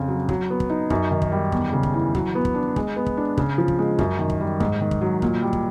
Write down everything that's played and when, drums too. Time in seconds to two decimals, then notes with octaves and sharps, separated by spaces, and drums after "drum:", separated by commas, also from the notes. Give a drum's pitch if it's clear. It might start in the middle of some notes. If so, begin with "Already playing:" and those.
Already playing: F2 C#3 F4
0.08 F#3
0.29 F#3, drum: kick
0.50 B3
0.60 drum: kick
0.70 D#4
0.90 F#2, drum: kick
1.11 D#3
1.22 drum: kick
1.32 G3
1.52 E2, drum: kick
1.73 C#3
1.83 drum: kick
1.93 E3
2.15 F#3, drum: kick
2.35 B3
2.45 drum: kick
2.54 D4
2.76 G#3, drum: kick
2.96 B3
3.06 drum: kick
3.17 D4
3.37 C#3, drum: kick
3.58 F3
3.68 drum: kick
3.79 G#3
3.99 F#2, drum: kick
4.19 D#3
4.30 drum: kick
4.40 G3
4.60 G#2, drum: kick
4.81 D#3
4.91 drum: kick
5.01 F#3
5.22 A#2, drum: kick
5.42 G3
5.53 drum: kick